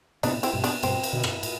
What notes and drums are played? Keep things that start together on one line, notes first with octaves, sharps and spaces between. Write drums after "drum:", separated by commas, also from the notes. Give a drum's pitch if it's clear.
A2 C3 B3 D4, drum: cymbal
C4 E4, drum: cymbal
G2 B2
B3 D4, drum: cymbal
G2 B2 C4, drum: cymbal
drum: cymbal
B2 D3
drum: rim click
A2, drum: cymbal